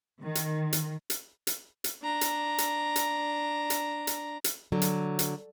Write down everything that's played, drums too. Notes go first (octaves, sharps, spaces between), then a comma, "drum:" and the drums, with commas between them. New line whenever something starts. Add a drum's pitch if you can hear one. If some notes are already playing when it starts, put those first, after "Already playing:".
D#3
drum: hi-hat
drum: hi-hat
drum: hi-hat
drum: hi-hat
drum: hi-hat
D4 A#5
drum: hi-hat
drum: hi-hat
drum: hi-hat
drum: hi-hat
drum: hi-hat
drum: hi-hat
D3 F#3
drum: hi-hat
drum: hi-hat